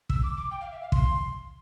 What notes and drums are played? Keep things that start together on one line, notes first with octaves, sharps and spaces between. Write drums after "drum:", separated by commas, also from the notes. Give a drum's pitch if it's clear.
E6, drum: kick
D6
D6
G5
F5
E5
F5
C6, drum: kick